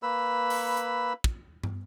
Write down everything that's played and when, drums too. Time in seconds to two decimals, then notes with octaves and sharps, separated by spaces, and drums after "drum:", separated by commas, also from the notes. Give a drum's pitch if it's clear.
0.03 A#3 B4 B5 E6
0.50 drum: open hi-hat
0.77 drum: hi-hat
1.24 drum: kick
1.63 drum: tom